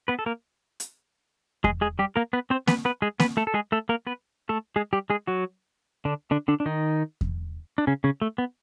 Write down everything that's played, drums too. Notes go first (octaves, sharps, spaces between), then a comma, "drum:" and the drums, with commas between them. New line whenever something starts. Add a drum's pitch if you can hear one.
B3 B4
A4
A#3 A#4
drum: hi-hat
G#3 G#4, drum: kick E2
G#3 G#4
G3 G4
A#3 A#4
B3 B4
C4 C5
B3 B4, drum: snare A#3
B3 B4
G#3 G#4
B3 B4, drum: snare A#3
A3 A4
A4
G#3 G#4
A3 A4
A#3 A#4
B3 B4
A3 A4
G#3 G#4
G3 G4
G#3 G#4
F#3 F#4
D3 D4
D3 D4
D3 D4
D4
D#3 D#4
drum: kick E2
D4
C#3 C#4
C#3 C#4
A3
B3